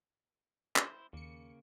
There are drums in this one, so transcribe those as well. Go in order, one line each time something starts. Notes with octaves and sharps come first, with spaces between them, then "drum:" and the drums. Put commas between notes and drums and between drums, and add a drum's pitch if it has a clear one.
E4 C5, drum: clap
D#2 C#3 A#3 C#7